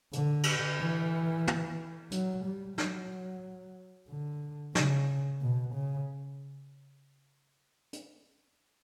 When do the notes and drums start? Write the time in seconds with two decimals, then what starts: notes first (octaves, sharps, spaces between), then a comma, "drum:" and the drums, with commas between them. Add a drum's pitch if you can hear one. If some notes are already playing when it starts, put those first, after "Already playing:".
0.13 D3, drum: hi-hat
0.43 drum: cymbal
0.80 E3
1.47 drum: tom
2.11 F#3, drum: hi-hat
2.45 G3
2.78 F#3, drum: snare
4.09 D3
4.75 C#3, drum: snare
5.41 B2
5.74 C#3
7.93 drum: hi-hat